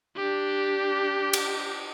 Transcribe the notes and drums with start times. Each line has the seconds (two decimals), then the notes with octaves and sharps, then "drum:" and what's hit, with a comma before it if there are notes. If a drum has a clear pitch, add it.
0.16 D4 G4
1.33 drum: cymbal